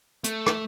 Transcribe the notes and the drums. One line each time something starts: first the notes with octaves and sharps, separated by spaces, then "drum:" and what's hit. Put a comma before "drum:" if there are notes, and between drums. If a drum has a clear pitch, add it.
A3, drum: hi-hat
drum: rim click